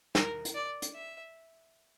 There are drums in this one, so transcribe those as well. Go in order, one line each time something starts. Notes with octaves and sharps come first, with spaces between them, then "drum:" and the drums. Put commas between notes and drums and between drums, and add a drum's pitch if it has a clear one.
A#4, drum: snare
drum: hi-hat
D5
drum: hi-hat
E5